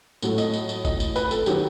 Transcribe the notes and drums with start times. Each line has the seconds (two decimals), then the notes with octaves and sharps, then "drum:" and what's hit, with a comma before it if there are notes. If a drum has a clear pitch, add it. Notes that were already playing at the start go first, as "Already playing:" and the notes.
0.22 A2 F#3 A3, drum: tambourine
0.38 D#5, drum: tambourine
0.53 drum: tambourine
0.69 drum: tambourine
0.85 D#5, drum: kick G1, tambourine
1.00 drum: tambourine
1.16 B4, drum: tambourine
1.31 A4, drum: tambourine
1.46 D#3 F#3 G4, drum: tambourine